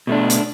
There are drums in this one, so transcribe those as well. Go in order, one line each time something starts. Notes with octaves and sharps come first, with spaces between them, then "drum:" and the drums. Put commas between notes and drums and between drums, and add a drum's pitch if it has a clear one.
B2 A3 D4
drum: hi-hat